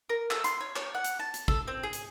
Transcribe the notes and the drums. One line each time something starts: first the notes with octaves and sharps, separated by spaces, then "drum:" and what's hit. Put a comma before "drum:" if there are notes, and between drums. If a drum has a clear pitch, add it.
A#4
A4, drum: clap
C6, drum: hi-hat
C#5
C#5, drum: clap
F#5
drum: hi-hat
A5
drum: hi-hat
A4, drum: kick
C4
G#4
drum: hi-hat